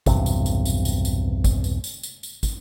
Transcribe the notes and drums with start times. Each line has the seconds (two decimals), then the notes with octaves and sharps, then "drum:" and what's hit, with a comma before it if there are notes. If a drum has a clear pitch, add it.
0.06 B1 E2 G2 C3, drum: kick, tambourine
0.26 drum: tambourine
0.46 drum: tambourine
0.65 drum: tambourine
0.85 drum: tambourine
1.05 drum: tambourine
1.44 drum: kick, tambourine
1.64 drum: tambourine
1.84 drum: tambourine
2.03 drum: tambourine
2.23 drum: tambourine
2.43 drum: kick, tambourine